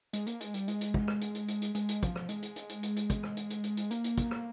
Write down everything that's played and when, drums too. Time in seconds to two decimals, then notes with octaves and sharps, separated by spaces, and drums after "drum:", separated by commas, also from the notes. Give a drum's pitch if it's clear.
0.13 G#3, drum: hi-hat
0.26 A#3, drum: hi-hat
0.41 G#3, drum: hi-hat
0.54 G3, drum: hi-hat
0.68 G#3, drum: hi-hat
0.81 drum: hi-hat
0.94 drum: kick
1.08 drum: rim click
1.21 drum: hi-hat
1.35 drum: hi-hat
1.48 drum: hi-hat
1.62 drum: hi-hat
1.75 G#3, drum: hi-hat
1.89 drum: hi-hat
2.03 F3, drum: kick, hi-hat
2.16 drum: rim click
2.29 G#3, drum: hi-hat
2.42 drum: hi-hat
2.56 drum: hi-hat
2.69 drum: hi-hat
2.83 drum: hi-hat
2.96 drum: hi-hat
3.10 drum: kick, hi-hat
3.23 drum: rim click
3.37 drum: hi-hat
3.50 drum: hi-hat
3.64 drum: hi-hat
3.77 drum: hi-hat
3.91 A#3, drum: hi-hat
4.04 drum: hi-hat
4.18 drum: kick, hi-hat
4.31 drum: rim click